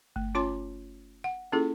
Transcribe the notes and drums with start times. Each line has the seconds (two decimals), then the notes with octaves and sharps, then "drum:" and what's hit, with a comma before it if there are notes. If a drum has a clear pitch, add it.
0.16 A3, drum: kick G1
0.35 C#4 F4 C#5 G#5 C6 D6
1.24 F#5
1.52 A#3 C#4 E4 F4 G#4 A4